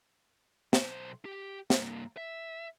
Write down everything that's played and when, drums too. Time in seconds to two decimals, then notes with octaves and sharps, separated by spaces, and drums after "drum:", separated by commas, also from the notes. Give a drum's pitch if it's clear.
0.73 B1 C5, drum: snare
1.25 G4
1.70 G2 A#3, drum: snare
2.17 E5